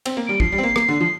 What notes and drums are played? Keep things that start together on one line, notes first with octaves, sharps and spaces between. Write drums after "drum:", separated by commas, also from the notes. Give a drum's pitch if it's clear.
C4, drum: cymbal
A#3
G3 D7
F3 C7, drum: kick
G3
C4
A#3
A#3, drum: rim click
D3
F3